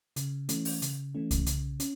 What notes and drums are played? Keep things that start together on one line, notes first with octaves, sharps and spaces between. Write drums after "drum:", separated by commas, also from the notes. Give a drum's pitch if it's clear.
C#3, drum: hi-hat
E3 A3 C#4, drum: hi-hat
drum: open hi-hat
C#3, drum: hi-hat
E3 A3 C#4
drum: kick C2, hi-hat
C#3, drum: hi-hat
C#4, drum: hi-hat